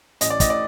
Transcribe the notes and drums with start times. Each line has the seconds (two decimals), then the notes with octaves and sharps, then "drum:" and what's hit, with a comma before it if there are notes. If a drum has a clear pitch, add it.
0.21 A1 D#5, drum: hi-hat
0.30 D5
0.40 A2 D#5, drum: kick, hi-hat
0.50 D5